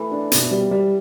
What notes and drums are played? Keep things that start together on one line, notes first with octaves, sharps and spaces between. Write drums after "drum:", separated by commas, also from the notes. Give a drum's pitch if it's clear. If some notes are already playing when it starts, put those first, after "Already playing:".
Already playing: E3 A3
D4
B2, drum: hi-hat
G3
G3